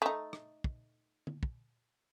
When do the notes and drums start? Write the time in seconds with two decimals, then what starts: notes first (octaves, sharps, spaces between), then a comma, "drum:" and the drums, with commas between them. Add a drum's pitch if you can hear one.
0.02 A3 D#4
0.33 drum: rim click
0.64 drum: kick
1.27 drum: tom D3
1.43 drum: kick